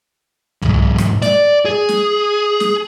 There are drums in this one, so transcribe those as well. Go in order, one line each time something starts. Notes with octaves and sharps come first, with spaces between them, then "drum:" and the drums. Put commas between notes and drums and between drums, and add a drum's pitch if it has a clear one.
B1 G#2, drum: tom
drum: rim click
D5, drum: snare
G#4
drum: snare
drum: snare